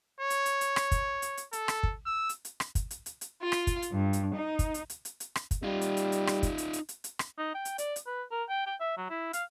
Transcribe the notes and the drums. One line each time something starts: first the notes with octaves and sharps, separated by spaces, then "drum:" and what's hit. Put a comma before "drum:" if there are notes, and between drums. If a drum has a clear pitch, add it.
C#5
drum: hi-hat
drum: hi-hat
drum: hi-hat
drum: rim click
drum: kick, hi-hat
drum: hi-hat
drum: hi-hat
A4, drum: hi-hat
drum: rim click
drum: kick
E6
drum: hi-hat
drum: hi-hat
drum: rim click
drum: kick, hi-hat
drum: hi-hat
drum: hi-hat
drum: hi-hat
F4
drum: rim click
drum: kick, hi-hat
drum: hi-hat
G2
drum: hi-hat
D#4
drum: kick, hi-hat
drum: hi-hat
drum: hi-hat
drum: hi-hat
drum: hi-hat
drum: rim click
drum: kick, hi-hat
G3 D#4 F4
drum: hi-hat
drum: hi-hat
drum: hi-hat
drum: rim click
drum: kick, hi-hat
drum: hi-hat
drum: hi-hat
drum: hi-hat
drum: hi-hat
drum: rim click
D#4
G5
drum: hi-hat
D5, drum: hi-hat
drum: hi-hat
B4
A#4
G5
G5
E5
F#3
E4
F5, drum: hi-hat